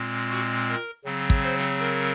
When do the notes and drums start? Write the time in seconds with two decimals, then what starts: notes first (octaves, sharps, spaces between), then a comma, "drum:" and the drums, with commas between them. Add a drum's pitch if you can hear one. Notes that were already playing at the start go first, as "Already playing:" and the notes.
Already playing: A#2 G#3 C4
0.30 F#4
0.69 A#4
1.05 C#3 F#3 C4
1.30 drum: kick
1.43 C5
1.59 drum: hi-hat
1.80 A#4